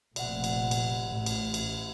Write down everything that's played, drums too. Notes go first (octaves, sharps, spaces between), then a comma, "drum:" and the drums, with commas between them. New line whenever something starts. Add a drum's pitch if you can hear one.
F1 A#2 D5 E5 F#5, drum: cymbal
drum: cymbal
drum: cymbal
A1 A2
drum: cymbal
drum: cymbal